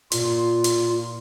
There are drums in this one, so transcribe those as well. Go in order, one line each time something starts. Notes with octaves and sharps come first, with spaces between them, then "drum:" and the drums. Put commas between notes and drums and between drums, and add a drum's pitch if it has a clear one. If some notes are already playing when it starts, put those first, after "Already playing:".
A#2 F4, drum: hi-hat
drum: hi-hat